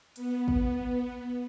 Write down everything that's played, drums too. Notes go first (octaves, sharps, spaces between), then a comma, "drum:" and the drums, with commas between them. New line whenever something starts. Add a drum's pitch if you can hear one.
B3, drum: hi-hat
drum: kick